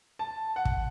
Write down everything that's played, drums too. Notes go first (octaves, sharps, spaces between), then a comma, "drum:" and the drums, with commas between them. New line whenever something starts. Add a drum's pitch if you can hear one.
A5
F#5
drum: kick